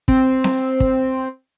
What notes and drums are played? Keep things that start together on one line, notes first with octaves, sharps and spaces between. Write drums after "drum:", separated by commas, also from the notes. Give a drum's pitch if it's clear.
C4, drum: kick
drum: snare C4
drum: kick